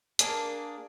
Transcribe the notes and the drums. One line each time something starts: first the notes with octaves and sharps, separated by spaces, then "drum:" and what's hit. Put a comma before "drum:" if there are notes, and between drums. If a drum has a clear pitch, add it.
A#3 D4 G#4, drum: hi-hat